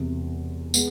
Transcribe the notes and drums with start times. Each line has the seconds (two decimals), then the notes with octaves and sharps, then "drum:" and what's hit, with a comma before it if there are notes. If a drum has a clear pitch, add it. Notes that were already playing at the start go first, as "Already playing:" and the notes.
Already playing: E1 E2 C3
0.74 G#3 B3, drum: tambourine